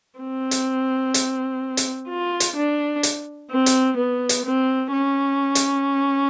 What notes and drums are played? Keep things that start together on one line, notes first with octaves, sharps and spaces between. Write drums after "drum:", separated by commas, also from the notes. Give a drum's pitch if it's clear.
C4
drum: hi-hat
drum: hi-hat
drum: hi-hat
F4
drum: hi-hat
D4
drum: hi-hat
C4
drum: hi-hat
B3
drum: hi-hat
C4
C#4
drum: hi-hat